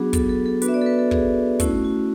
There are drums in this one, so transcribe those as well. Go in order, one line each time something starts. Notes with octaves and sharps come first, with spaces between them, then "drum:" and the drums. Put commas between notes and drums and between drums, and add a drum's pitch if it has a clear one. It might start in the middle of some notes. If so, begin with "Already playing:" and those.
Already playing: F#3 B3 D4 F#4 G#4
A4, drum: kick, hi-hat
A4
A4
B3 D4 F#4 B4, drum: hi-hat
E5
D5
A4
B4
A4
G#4, drum: kick
A3 C#4 E4 F#4, drum: kick, hi-hat
F#4